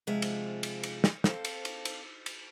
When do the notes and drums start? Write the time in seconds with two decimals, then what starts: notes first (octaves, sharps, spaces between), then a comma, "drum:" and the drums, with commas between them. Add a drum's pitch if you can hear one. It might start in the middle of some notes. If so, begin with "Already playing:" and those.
0.07 C3 F3 G#3 F4 E5
0.22 drum: cymbal
0.63 drum: cymbal
0.83 drum: cymbal
1.04 drum: snare
1.24 C4 A4 C5 F5 A5, drum: snare
1.45 drum: cymbal
1.65 drum: cymbal
1.85 drum: cymbal
2.26 drum: cymbal